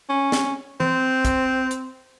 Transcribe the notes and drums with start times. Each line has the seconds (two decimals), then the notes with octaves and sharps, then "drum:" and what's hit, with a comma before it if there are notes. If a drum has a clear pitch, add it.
0.09 C#4
0.32 drum: snare
0.80 C4, drum: tom E3
1.25 drum: kick, hi-hat
1.71 drum: hi-hat